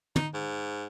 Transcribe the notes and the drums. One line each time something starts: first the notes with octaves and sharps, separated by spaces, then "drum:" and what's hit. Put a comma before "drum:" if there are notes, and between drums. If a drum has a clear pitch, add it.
D#4, drum: tom
G#2